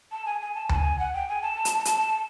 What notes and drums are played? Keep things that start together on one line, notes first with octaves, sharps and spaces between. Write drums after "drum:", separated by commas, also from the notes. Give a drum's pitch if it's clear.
A5
G#5
G#5
A5
A5, drum: tom D2
G#5
F#5
G5
G#5
A5
drum: hi-hat
A5, drum: hi-hat